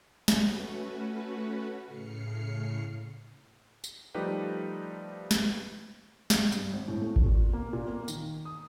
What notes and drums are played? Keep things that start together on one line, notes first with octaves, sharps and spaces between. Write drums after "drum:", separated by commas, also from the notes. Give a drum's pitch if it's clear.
A3 C#4 F#4 B4, drum: snare
A2 C#3 F6 C7 C#7
drum: tambourine
F3 G3 A3 D#4 G4 B4
drum: snare
drum: snare
G2, drum: tambourine
G#1
A2
A3
drum: kick G#1
A#2
A#3
A#2
A#3
D#3, drum: tambourine
D#6